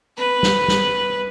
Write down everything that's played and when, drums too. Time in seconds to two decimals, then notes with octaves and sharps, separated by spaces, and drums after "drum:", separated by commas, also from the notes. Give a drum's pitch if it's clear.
0.18 B4, drum: cymbal
0.43 drum: snare
0.68 drum: snare